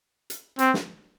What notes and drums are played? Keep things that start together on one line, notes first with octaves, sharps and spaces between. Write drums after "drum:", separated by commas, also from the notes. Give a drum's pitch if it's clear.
drum: hi-hat
C4, drum: hi-hat
drum: snare